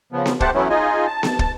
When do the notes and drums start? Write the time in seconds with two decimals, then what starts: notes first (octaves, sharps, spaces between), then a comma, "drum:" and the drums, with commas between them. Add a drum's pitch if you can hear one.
0.12 C#3 F3 B3
0.26 drum: snare B3
0.40 A3 G4 C5 F#5 A5, drum: kick
0.54 E3 F#3 A3 B3 C#4 E4
0.70 D#4 F4 G#4 D#5 G#5
1.07 A5
1.23 drum: snare B3
1.39 drum: kick